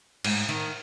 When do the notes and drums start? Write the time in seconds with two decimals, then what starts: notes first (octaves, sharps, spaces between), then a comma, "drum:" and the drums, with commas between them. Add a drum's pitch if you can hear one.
0.24 G#2, drum: cymbal
0.49 D#3